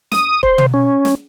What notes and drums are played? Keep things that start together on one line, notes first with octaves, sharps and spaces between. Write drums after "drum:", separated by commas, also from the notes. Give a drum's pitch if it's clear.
D#6, drum: snare
C5, drum: kick
drum: tom
C#4
drum: snare